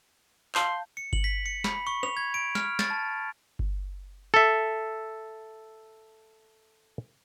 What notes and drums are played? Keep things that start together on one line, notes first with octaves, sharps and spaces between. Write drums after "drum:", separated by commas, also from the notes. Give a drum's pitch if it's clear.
F5 A5 C6 G6, drum: clap
C#7
F#7, drum: kick G1
B6
C#7
B5, drum: snare
C#6
F7, drum: rim click
G#6
D7
F6, drum: snare
A6, drum: snare
A5
drum: kick G1
A4 E5